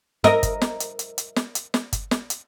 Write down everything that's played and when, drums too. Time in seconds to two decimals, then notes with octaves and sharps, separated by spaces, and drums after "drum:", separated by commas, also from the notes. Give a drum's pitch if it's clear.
0.24 A#4 D#5, drum: snare
0.43 drum: kick, hi-hat
0.62 drum: snare
0.80 drum: hi-hat
0.99 drum: hi-hat
1.18 drum: hi-hat
1.36 drum: snare
1.55 drum: hi-hat
1.74 drum: snare
1.93 drum: kick, hi-hat
2.11 drum: snare
2.30 drum: hi-hat